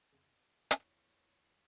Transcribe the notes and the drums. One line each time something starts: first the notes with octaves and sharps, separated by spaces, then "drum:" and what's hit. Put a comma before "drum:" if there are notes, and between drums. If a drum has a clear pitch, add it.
F2 C#3
E2 C#5, drum: hi-hat